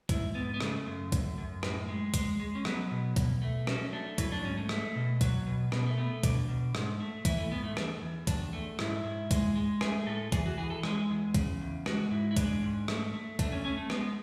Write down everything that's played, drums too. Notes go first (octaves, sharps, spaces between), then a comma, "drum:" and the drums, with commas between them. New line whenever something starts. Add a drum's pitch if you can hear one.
G#2 E4, drum: kick, hi-hat
G#2 B3
B3
C#3 A3, drum: rim click
F#2
F#2, drum: kick, hi-hat
F#2
A2, drum: rim click
G#3
G#3, drum: kick, hi-hat
G#3
C#4
F#3 B3, drum: rim click
B2
B2, drum: kick, hi-hat
A3
F#3 C#4, drum: rim click
A3 D4
F#3 E4, drum: kick, hi-hat
D4
G#2 C#4
A3
A3, drum: rim click
B2
F#3, drum: kick, hi-hat
B2
B2 B3, drum: rim click
A3
A3 B3
B2 D4, drum: kick, hi-hat
B2
G#2, drum: rim click
A3
E3 E4, drum: kick, hi-hat
A3
G#2 B3
A3
E2 A3, drum: rim click
E2
E2 D4, drum: kick, hi-hat
A3
G#2 E4, drum: rim click
G#2
G#3, drum: kick, hi-hat
G#3
A3 G#4, drum: rim click
A2 A4
E3 G#4, drum: kick, hi-hat
F#4
E3 G#4
A4
G#3, drum: rim click
E2
C#3, drum: kick, hi-hat
E2
G#3 F#4, drum: rim click
G#2 E4
E4
G#3 D4, drum: kick, hi-hat
G#2
A3, drum: rim click
A3
A3 D4, drum: kick, hi-hat
C#4
A3 C#4
A3
G#3 B3, drum: rim click